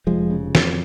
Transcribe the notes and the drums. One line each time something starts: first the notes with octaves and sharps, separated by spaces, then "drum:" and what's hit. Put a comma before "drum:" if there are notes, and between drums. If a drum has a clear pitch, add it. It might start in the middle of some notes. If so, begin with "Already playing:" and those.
F1 F3 G#3
C#3
F2, drum: snare